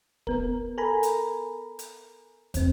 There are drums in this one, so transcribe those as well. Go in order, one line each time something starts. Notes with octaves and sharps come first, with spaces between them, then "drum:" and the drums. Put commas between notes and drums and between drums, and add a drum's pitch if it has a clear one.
B3 A#4, drum: kick
A4 A#4 G#5 A#5 B5
drum: hi-hat
drum: hi-hat
E2 C4, drum: kick, hi-hat